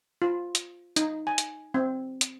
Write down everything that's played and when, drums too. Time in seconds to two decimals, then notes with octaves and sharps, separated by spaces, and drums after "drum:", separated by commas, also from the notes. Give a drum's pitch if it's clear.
0.22 F4
0.55 drum: hi-hat
0.96 D#4, drum: hi-hat
1.27 G#5
1.38 drum: hi-hat
1.74 C4
2.21 drum: hi-hat